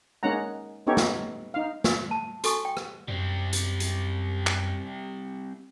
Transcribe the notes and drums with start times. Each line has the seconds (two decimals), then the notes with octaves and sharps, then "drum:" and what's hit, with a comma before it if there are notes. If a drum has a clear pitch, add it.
0.23 G#3 A#3 C#4 D#4 F#5 A#5
0.87 B3 C#4 D#4 G4 A4 C#5
0.97 drum: snare
1.54 D#4 F5
1.84 drum: snare
2.11 A5
2.44 F#4 A4 G#5 C#6, drum: hi-hat
2.65 G5
2.77 drum: rim click
3.08 F#2 G3 C4
3.53 drum: hi-hat
3.80 drum: hi-hat
4.47 drum: clap